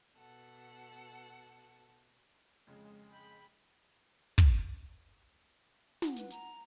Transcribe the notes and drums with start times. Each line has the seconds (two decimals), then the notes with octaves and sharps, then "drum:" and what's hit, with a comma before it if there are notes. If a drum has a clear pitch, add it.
0.16 B2 A4 F#5
2.67 F2 C#3 G#3
3.11 G5 B5
4.38 drum: kick
6.02 F#5, drum: snare
6.16 B4, drum: hi-hat
6.30 A#5, drum: hi-hat